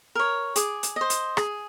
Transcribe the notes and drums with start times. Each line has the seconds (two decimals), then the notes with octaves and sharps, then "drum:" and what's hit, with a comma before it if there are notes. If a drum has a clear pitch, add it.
0.15 A#4 C#5
0.56 G#4 D6, drum: hi-hat
0.83 drum: hi-hat
0.96 C5 D#5
1.10 drum: hi-hat
1.37 G#4, drum: rim click